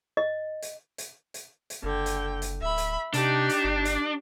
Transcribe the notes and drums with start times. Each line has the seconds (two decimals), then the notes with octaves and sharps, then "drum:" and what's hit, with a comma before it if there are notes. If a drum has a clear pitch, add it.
0.17 D#5
0.62 drum: hi-hat
0.98 drum: hi-hat
1.34 drum: hi-hat
1.70 drum: hi-hat
1.83 F#1 D3 G5
2.06 drum: hi-hat
2.42 drum: hi-hat
2.62 D1 E5 B5
2.78 drum: hi-hat
3.14 C3 D4 D#4 G4, drum: hi-hat
3.49 drum: hi-hat
3.64 G1
3.85 drum: hi-hat